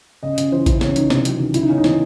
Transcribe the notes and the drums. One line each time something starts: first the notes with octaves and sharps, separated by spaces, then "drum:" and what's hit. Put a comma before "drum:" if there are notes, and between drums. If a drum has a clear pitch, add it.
C#3 D#5
C#3, drum: hi-hat
E3 C5
C#3 E4, drum: kick A#1, hi-hat
C#3 C#4, drum: snare
E3 D#4, drum: hi-hat
C3, drum: snare
F#3, drum: hi-hat
D#3
C#3 E4, drum: hi-hat
D#4
C#3 C#4
D#4
E3, drum: snare